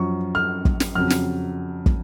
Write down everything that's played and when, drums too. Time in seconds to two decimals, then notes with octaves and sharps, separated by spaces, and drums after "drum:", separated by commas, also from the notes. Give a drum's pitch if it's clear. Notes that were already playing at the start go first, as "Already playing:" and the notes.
Already playing: F#2 F3 C#6
0.35 F6
0.65 drum: kick
0.80 drum: snare
0.95 F2 C#3 F#3 F6
1.10 drum: snare
1.86 drum: kick